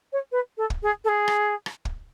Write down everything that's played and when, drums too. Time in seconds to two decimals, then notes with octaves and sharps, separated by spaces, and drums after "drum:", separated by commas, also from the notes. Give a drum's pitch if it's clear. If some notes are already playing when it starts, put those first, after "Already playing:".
0.13 C#5
0.32 B4
0.58 A4
0.70 drum: kick
0.83 G#4
1.04 A4
1.09 G#4
1.28 drum: rim click
1.66 drum: rim click
1.85 drum: kick